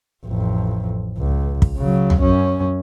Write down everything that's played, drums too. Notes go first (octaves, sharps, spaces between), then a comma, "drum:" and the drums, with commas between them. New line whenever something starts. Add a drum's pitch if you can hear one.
A1 F2
C#2
drum: kick
C#3 F#3
drum: tom
F#2 C#4